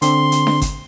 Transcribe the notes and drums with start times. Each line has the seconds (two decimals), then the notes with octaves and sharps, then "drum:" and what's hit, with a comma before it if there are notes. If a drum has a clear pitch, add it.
0.02 D3 C4 D4 C6, drum: hi-hat
0.32 drum: hi-hat
0.47 drum: snare D4
0.62 drum: kick G1, hi-hat